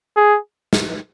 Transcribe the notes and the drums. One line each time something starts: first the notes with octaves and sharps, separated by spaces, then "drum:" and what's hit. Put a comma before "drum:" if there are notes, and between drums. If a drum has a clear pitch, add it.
G#4
drum: snare